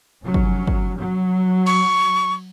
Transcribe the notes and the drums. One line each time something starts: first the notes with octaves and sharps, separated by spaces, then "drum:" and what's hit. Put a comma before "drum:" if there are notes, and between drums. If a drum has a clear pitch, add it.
F1 F#3 C#4
drum: kick
drum: kick
F#3
C#6, drum: cymbal